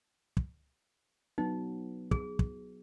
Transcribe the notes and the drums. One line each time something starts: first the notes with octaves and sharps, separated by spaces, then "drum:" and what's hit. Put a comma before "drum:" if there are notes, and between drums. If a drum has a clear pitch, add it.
drum: kick
F#3 B3 D#4
G#4, drum: kick
drum: kick